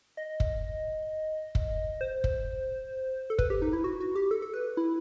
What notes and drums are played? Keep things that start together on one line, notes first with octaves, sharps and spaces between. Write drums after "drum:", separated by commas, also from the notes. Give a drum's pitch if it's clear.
D#5
drum: kick
drum: kick
C5
drum: kick
A4
B4, drum: kick
G4
D#4
E4
F#4
F#4
G4
A4
A4
B4
E4